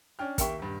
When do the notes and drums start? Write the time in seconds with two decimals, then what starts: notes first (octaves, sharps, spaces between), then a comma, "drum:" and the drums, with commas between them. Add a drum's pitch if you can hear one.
0.19 C#4 D4 G5 F6
0.38 D#2 A#3 G4 E5 G5 C#6, drum: kick, hi-hat
0.59 D#1 G2